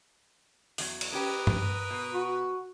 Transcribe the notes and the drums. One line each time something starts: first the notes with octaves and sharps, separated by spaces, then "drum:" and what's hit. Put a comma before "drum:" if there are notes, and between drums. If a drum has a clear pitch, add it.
E2 F#3, drum: open hi-hat
drum: cymbal
C#4 G4 A#4 B4 D#6
drum: tom G2
B2
F#4